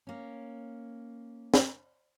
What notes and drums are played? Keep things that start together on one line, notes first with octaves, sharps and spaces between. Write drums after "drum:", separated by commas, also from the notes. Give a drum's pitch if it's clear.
A#3 C#4
drum: snare